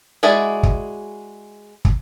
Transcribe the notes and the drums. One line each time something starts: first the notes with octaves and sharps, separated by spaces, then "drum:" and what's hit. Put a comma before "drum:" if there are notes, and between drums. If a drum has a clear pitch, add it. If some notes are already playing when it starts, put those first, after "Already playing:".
G#3 E4 F#4 G#4 D5
drum: kick
drum: kick